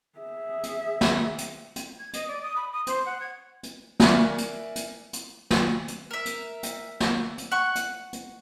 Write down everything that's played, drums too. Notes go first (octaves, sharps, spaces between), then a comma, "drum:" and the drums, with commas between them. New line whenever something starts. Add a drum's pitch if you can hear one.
G#4 E5
drum: hi-hat
drum: snare
drum: hi-hat
drum: hi-hat
G#6
D#5, drum: hi-hat
D5
D#6
B5
D#6
C5, drum: hi-hat
F#5
G#6
drum: hi-hat
A#4 D5 E5 G#5, drum: snare
drum: hi-hat
drum: hi-hat
drum: hi-hat
drum: snare
drum: hi-hat
A#4 E5
drum: hi-hat
drum: hi-hat
drum: snare
drum: hi-hat
F#5 C#6
drum: hi-hat
drum: hi-hat